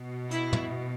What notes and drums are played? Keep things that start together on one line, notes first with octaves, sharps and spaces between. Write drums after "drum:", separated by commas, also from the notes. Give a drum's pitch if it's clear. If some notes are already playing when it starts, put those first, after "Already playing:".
Already playing: B2
E4, drum: hi-hat
drum: tom